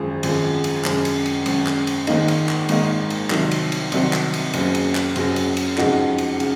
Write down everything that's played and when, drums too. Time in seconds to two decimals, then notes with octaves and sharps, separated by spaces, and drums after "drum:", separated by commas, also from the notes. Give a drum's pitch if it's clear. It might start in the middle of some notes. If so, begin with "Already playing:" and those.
Already playing: G#1 F#2 F3 G#3
0.23 G#1 F#2 F3 G#3, drum: cymbal
0.64 drum: cymbal
0.85 G#1 F#2 C#3, drum: clap
1.05 drum: cymbal
1.26 drum: cymbal
1.46 G#1 F#2 C#3, drum: cymbal
1.67 drum: clap
1.87 drum: cymbal
2.07 G#1 G#2 D#3 A#3 D#4, drum: cymbal
2.28 drum: cymbal
2.49 drum: clap
2.69 G#1 G#2 D#3 A#3 D#4, drum: cymbal
3.10 drum: cymbal
3.30 C2 C3 D#3 F#3 C4, drum: clap
3.51 drum: cymbal
3.72 drum: cymbal
3.92 C2 C3 D#3 F#3 C4, drum: cymbal
4.13 drum: clap
4.34 drum: cymbal
4.53 F#1 F#2 C#3 F#3, drum: cymbal
4.75 drum: cymbal
4.95 drum: clap
5.16 F#1 F#2 C#3 F#3, drum: cymbal
5.36 drum: cymbal
5.57 drum: cymbal
5.78 F2 C#3 G#3 D#4 F#4, drum: clap
6.18 drum: cymbal
6.40 C#3, drum: cymbal